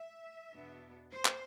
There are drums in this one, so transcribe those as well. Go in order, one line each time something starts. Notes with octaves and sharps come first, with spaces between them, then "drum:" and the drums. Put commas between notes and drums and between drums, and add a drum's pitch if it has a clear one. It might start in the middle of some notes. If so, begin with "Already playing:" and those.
Already playing: E5
E2 B2 B3 D4
C5
drum: clap